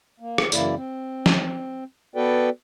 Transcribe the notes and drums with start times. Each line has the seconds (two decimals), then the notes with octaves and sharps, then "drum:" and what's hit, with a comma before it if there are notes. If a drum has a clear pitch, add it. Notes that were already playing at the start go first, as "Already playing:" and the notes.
0.20 A#3
0.38 drum: rim click
0.52 F#2 C#3 E3 A#3 E4 D5, drum: tambourine
0.75 C4
1.26 drum: snare
2.15 B3 F#4 A4 B4 D5 G5